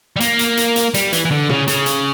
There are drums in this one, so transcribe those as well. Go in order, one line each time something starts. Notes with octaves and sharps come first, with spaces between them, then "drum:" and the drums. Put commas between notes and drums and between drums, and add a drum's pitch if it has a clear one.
G3
A#3, drum: hi-hat
drum: hi-hat
drum: hi-hat
drum: hi-hat
G3, drum: hi-hat
E3, drum: hi-hat
E3
D3
C#3, drum: tom
C#3, drum: hi-hat
drum: hi-hat